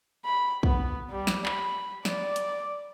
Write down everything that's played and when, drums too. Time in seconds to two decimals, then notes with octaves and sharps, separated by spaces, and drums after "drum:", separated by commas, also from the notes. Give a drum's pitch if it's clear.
0.25 B5
0.63 B3, drum: kick
1.11 G3
1.27 drum: snare
1.46 B5, drum: clap
2.05 D5, drum: snare
2.36 drum: hi-hat